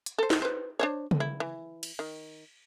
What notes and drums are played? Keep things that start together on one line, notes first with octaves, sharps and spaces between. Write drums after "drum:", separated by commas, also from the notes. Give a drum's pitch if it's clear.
drum: hi-hat
A4 C5
drum: snare
B4 C5
D4 C5 C#5
drum: tom C#3
E4
E3
drum: cymbal
D#3